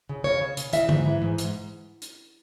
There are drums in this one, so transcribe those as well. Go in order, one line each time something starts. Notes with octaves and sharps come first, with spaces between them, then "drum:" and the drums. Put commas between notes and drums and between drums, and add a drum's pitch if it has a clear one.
C#3
C#3 C#5
C#3
C#3, drum: hi-hat
E3 E5, drum: hi-hat
G#2, drum: tom D3
E3
G#2
G#2, drum: hi-hat
drum: hi-hat